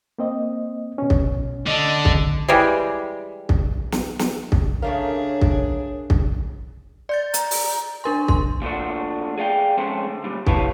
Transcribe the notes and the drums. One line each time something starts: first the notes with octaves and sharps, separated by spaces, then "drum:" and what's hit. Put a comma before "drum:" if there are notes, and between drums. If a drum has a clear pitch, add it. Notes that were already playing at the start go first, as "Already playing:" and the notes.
A#3 C4 D#5
B2 C#4
drum: kick
D3 D#5
drum: kick
E3 G3 G#3
drum: kick
drum: snare
drum: snare
drum: kick
C#3 A3 D4 G#4 A#4 C#5 F5
drum: kick
drum: kick
D5 G6 A6
A#5, drum: hi-hat
drum: open hi-hat
D4 A#4 G#5 C6
C6, drum: kick
A#2 F3 A3 D4 F#4
G#4 D5 F5 G5
F3 G#3 A3 C4 C#4 C5
D2
A#2 G3
E4 G4 B4 C#5 F5 A5, drum: kick